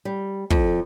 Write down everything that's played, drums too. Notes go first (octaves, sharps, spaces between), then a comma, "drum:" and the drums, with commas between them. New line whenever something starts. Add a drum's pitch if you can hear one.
G3
F2, drum: kick